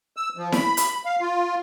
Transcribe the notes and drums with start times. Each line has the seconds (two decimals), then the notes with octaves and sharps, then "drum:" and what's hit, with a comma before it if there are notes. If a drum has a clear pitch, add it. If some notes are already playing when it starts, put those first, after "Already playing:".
0.17 E6
0.37 F3
0.52 B5, drum: snare E4
0.77 drum: hi-hat
1.05 F5
1.20 F4